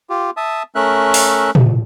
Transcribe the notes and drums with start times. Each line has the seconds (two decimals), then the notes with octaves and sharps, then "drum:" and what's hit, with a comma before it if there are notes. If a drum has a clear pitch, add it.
0.10 F4 G4
0.37 E5 A5 D#6
0.75 A3 C#4 A#4 E5 F#6
1.14 drum: open hi-hat
1.55 drum: tom